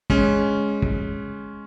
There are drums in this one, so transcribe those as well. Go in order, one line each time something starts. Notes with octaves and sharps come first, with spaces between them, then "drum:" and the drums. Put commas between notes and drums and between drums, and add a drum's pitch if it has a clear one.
G#3 C#4, drum: kick
drum: kick